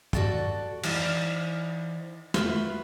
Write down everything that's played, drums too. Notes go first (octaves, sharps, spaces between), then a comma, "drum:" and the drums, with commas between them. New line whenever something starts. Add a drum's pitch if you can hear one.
F#4 G4 A4 D5 F#5, drum: tom G2
E3 D#4 C5 D5 F5, drum: cymbal
F4 F#4 B4 E5, drum: snare